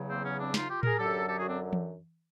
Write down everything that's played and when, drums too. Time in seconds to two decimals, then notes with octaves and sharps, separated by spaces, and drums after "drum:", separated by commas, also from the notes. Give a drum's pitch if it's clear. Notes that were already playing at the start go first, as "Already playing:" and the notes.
Already playing: E2 C#3 F#3
0.08 A#3 C4
0.24 B3 C#4
0.39 C4 D4
0.54 D#4 F4, drum: snare
0.68 F4 G4
0.83 G#4 A#4, drum: tom A2
0.98 F#2 D3 F#3 G4 A4
1.28 G4 A4
1.38 F#4 G#4
1.47 C4 D4
1.73 drum: tom E3